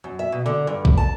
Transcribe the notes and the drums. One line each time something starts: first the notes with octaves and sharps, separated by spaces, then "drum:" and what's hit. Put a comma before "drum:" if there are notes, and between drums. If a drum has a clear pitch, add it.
F#2
E5
B2
D3
G2
drum: kick B1
A5